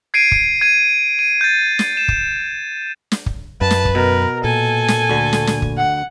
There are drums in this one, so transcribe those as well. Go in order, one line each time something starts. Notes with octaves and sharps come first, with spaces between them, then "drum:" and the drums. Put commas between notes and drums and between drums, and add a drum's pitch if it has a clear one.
G#6 C7 D7 D#7
drum: kick
G#6 D#7
D#7
G6 A6
drum: snare
E7
drum: kick
drum: snare
drum: kick
F#2 B4 A5
drum: snare
drum: kick
B2 A#4
A#2 A4 G#5
drum: snare
D2 D3
drum: snare
drum: snare
drum: kick
F#5